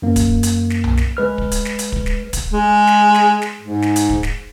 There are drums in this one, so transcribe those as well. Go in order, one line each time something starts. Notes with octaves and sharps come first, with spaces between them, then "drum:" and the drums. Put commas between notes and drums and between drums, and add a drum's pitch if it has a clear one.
F#2 A#3
drum: kick, hi-hat
drum: hi-hat
drum: snare
drum: tom B1
drum: snare
G#3 B4 F6
drum: kick
drum: hi-hat
drum: snare
drum: hi-hat
drum: kick
drum: snare
drum: kick, hi-hat
G#3
drum: snare
drum: snare
drum: snare
G#2
drum: snare
drum: hi-hat
drum: kick
drum: snare